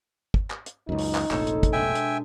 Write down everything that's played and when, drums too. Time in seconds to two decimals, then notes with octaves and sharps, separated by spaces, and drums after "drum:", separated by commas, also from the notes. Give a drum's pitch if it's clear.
0.34 drum: kick
0.50 drum: clap
0.66 drum: hi-hat
0.89 C#2 F#2 D#4
0.99 drum: open hi-hat
1.15 drum: clap
1.31 F1 A#1 A4 C5 C#5, drum: clap
1.47 drum: hi-hat
1.63 drum: kick, hi-hat
1.73 B2 G#3 D4 E5 G5 G#5
1.95 drum: hi-hat